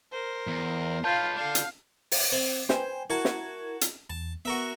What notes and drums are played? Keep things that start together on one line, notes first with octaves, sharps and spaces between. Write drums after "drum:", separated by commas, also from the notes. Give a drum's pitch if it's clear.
A#4 C5
E2
F4 B4 C#5 F5 A5 G6
D4 A4 F5
drum: hi-hat
drum: open hi-hat
C4 C5
B4 C5 G5 G#5, drum: snare
E4 F#4 A#4 A5 G#6
drum: snare
drum: hi-hat
E2 A5
B3 F#4 A#4 E5